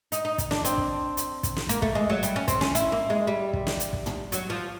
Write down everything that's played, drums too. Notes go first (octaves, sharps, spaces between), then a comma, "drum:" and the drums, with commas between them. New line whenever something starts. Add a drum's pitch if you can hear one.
D#4, drum: hi-hat
D#4
drum: kick, hi-hat
D4, drum: snare
C4, drum: hi-hat
drum: kick
drum: hi-hat
drum: kick, hi-hat
drum: snare
A#3, drum: hi-hat
A3, drum: kick
G#3
F#3
G3, drum: hi-hat
C#4
C4, drum: kick, hi-hat
C#4, drum: snare
E4, drum: hi-hat
A#3
G#3
G3
drum: kick
drum: snare
drum: hi-hat
drum: kick
drum: tom
F#3, drum: hi-hat
F3